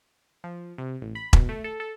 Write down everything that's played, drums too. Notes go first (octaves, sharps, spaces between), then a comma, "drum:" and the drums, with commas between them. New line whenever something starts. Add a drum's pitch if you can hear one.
F3
C3
A1
B5
B2, drum: kick E1
A3
A4
A4